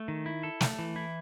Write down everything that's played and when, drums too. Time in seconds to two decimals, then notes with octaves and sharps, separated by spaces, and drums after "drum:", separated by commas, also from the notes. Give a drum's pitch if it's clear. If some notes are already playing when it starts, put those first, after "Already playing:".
Already playing: A3
0.08 D#3
0.26 E4
0.43 A4
0.61 A3, drum: snare
0.79 E3
0.96 E4